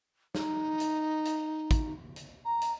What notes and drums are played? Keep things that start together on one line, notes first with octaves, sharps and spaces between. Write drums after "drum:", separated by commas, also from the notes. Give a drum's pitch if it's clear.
D#4, drum: snare
drum: hi-hat
drum: hi-hat
drum: kick, hi-hat
drum: hi-hat
A#5
drum: hi-hat